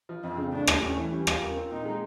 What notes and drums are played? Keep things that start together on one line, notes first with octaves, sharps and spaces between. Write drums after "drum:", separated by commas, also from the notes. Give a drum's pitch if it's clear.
F3
F2 C4
C#3
A2 D4
G3, drum: rim click
A2 C#4
E3
G3 C#4
F4, drum: rim click
A#4
C4
A#2 D#4
G#3